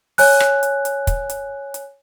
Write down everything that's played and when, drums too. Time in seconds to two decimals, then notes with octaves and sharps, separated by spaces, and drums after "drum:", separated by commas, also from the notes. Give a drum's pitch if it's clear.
0.18 C#5 G#5 F#6, drum: open hi-hat
0.40 drum: rim click
0.63 drum: hi-hat
0.85 drum: hi-hat
1.07 drum: kick, hi-hat
1.30 drum: hi-hat
1.74 drum: hi-hat